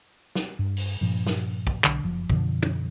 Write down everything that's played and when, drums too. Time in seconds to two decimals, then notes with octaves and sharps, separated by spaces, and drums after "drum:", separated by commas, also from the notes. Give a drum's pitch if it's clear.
0.35 drum: snare
0.59 G2
0.77 drum: open hi-hat
1.01 G2 A#2 F3
1.27 drum: snare
1.67 drum: kick
1.84 B1 D3, drum: clap
2.04 F#1 F3
2.30 F#2 B2 D3 F3, drum: kick
2.63 drum: tom